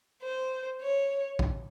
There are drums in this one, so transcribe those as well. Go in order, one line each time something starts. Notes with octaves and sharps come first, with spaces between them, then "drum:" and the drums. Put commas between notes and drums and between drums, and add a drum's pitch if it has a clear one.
C5
C#5
drum: kick